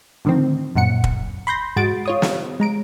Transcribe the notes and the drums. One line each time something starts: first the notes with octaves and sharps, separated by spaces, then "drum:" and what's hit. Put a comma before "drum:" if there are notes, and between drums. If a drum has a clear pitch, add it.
A2 D3 D#3 F3 C4
F#2 A#2 F#5 C#7
drum: kick
B5 C6 G6 A#6
G#2 G#3 F#4 A6 D7
F4 C#5 D#6
drum: snare
G#3 A#5 D7